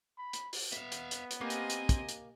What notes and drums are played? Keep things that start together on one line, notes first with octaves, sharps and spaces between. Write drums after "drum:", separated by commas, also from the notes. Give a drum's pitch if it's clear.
B5
drum: hi-hat
drum: open hi-hat
B3 E5 F5, drum: hi-hat
drum: hi-hat
drum: hi-hat
drum: hi-hat
A#3 C4 G4 D#5 G#5
drum: hi-hat
drum: hi-hat
drum: kick, hi-hat
drum: hi-hat